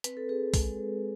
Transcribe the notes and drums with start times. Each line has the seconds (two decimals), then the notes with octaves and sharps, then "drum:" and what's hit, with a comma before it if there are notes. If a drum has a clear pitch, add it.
0.04 C4 B4, drum: hi-hat
0.17 A4
0.29 C4 G#4 B4
0.54 G#3, drum: kick, open hi-hat
0.78 G#3